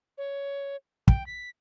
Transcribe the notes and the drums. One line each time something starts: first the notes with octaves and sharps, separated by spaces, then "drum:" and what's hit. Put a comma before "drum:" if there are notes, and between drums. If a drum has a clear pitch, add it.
C#5
G5, drum: kick
B6